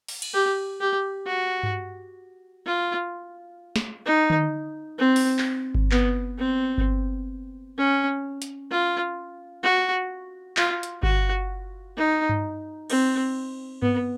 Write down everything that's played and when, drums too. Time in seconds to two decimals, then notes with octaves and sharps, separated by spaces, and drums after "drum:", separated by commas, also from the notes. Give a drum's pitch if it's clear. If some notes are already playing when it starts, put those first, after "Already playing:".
0.08 drum: open hi-hat
0.22 drum: cymbal
0.34 G4
0.81 G4
1.27 F#4
1.63 drum: tom G2
2.66 F4
3.76 drum: snare
4.06 D#4
4.30 drum: tom D3
4.99 C4
5.16 drum: open hi-hat
5.39 drum: clap
5.75 drum: kick G1
5.91 B3, drum: clap
6.39 C4
6.78 drum: kick G1
7.78 C#4
8.42 drum: hi-hat
8.71 F4
9.63 F#4
10.57 F4, drum: clap
10.83 drum: hi-hat
11.03 F#4, drum: kick G1
11.97 D#4
12.29 drum: tom G2
12.90 C4, drum: cymbal
13.82 B3, drum: tom G2